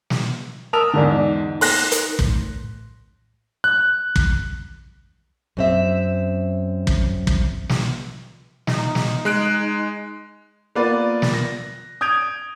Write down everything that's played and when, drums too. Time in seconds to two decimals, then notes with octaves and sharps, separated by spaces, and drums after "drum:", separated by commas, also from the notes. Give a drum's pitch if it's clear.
0.10 drum: snare
0.73 A#4 A5 D#6 E6 F7
0.94 E2 G#2 D3 D5
1.12 D#4
1.61 C6 F#6 A#6, drum: open hi-hat
1.91 drum: hi-hat
2.19 A2, drum: kick
3.64 F#6
4.16 drum: kick
5.57 F#2 C4 E5
6.87 drum: kick
7.27 drum: kick
7.69 drum: snare
8.67 D#4, drum: snare
8.95 drum: snare
9.25 G#3 F#6 D7
10.75 A#3 B3 F4 B4 D5
11.22 drum: snare
11.33 A#6
12.01 D#6 G6 G#6 D7 F7